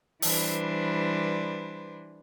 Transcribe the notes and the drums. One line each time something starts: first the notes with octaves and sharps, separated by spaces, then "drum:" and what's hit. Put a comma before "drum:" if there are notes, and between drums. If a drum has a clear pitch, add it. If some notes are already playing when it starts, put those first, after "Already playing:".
E3 G3 D4 B4 C5, drum: open hi-hat